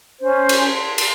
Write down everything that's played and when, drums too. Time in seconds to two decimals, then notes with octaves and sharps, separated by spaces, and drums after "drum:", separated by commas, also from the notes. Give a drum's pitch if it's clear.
0.21 C#4 C5
0.49 drum: cymbal
0.74 C6
0.98 drum: cymbal